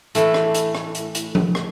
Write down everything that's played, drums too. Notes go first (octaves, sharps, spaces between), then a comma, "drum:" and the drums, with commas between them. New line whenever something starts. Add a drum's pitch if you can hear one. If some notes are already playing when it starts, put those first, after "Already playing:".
A2 E3 A3, drum: hi-hat
drum: rim click
drum: hi-hat
drum: rim click
drum: hi-hat
drum: hi-hat
drum: tom F3
drum: rim click